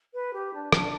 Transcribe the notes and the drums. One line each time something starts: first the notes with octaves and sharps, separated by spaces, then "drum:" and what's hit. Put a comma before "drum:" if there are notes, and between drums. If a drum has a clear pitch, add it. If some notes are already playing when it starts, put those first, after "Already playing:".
B4
G4
D4
D4, drum: rim click